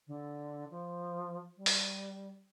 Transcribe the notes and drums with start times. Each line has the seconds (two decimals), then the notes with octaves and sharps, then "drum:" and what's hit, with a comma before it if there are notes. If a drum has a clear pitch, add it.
0.07 D3
0.70 F3
1.57 G3
1.66 drum: open hi-hat